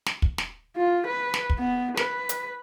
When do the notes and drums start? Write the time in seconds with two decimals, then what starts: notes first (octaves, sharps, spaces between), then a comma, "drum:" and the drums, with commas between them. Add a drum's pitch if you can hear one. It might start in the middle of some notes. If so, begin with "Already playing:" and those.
0.06 drum: snare
0.22 drum: kick
0.38 drum: snare
0.76 F4
1.07 B4
1.34 drum: snare
1.50 drum: kick
1.59 B3
1.97 B4, drum: snare
2.29 drum: hi-hat